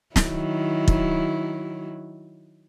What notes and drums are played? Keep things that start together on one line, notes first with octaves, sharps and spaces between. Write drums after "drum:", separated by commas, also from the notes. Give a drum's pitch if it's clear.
D#3 F#3 E4, drum: snare
drum: kick